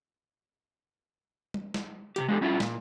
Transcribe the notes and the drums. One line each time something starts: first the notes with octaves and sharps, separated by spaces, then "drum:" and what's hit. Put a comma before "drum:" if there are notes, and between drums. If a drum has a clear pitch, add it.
drum: tom G3
drum: snare
C3 D#3 G4, drum: hi-hat
G#3 D4 F#4 G4 A4
G3 C#4 E4 F4
A#2, drum: snare